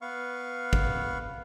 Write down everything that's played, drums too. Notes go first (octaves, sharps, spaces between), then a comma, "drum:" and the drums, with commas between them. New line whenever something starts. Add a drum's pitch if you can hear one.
B3 F5 C#6
drum: kick